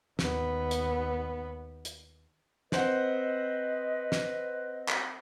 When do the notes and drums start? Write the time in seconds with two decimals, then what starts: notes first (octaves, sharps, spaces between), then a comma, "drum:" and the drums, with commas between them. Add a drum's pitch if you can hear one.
0.19 D#2 B3, drum: snare
0.71 drum: hi-hat
1.85 drum: hi-hat
2.72 C4 B4 C5 D#5 F#5, drum: snare
4.12 drum: snare
4.89 drum: clap